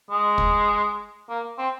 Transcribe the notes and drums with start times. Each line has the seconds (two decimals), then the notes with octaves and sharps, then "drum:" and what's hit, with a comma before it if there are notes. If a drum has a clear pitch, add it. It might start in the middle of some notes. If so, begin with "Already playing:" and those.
0.11 G#3
0.38 drum: kick
1.29 A#3
1.58 C4